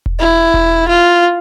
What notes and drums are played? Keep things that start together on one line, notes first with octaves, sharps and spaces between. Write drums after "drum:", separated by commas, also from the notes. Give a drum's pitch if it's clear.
drum: kick E1
E4
drum: kick E1
F4